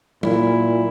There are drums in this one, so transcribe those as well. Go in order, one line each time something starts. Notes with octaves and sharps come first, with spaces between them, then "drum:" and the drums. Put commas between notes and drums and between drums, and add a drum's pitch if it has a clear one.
A#2 E4, drum: tom F#3